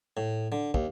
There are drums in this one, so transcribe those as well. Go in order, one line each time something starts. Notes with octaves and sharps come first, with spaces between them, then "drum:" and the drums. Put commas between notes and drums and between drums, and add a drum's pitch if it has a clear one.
A2
D3
D#2, drum: kick